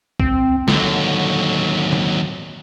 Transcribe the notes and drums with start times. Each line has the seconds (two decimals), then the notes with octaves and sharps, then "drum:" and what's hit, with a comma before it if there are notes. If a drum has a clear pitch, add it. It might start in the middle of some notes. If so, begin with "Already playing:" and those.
0.20 C4, drum: kick
0.68 D#2 D3 F#3, drum: snare
1.93 drum: tom